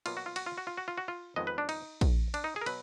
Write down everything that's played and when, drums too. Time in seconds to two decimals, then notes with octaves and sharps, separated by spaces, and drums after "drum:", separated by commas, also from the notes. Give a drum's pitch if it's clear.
0.06 B2 F#3 A#3 F4, drum: cymbal
0.17 F#4
0.26 F4
0.36 F#4, drum: cymbal
0.46 F4
0.58 F#4
0.67 F4
0.77 F#4
0.88 F4
0.97 F#4
1.08 F4
1.36 F2 D#3 G#3 B3 D#5
1.47 B4
1.58 D4
1.69 D#4, drum: cymbal
2.01 drum: kick A#1, cymbal
2.34 D4, drum: cymbal
2.44 D#4
2.56 G#4
2.61 A#4
2.66 B2 F#3 B4, drum: cymbal